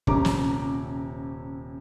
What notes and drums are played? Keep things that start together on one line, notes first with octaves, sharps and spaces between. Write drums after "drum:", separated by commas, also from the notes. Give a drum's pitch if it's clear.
D#1 C3 C#4 A#5 D6, drum: kick
drum: snare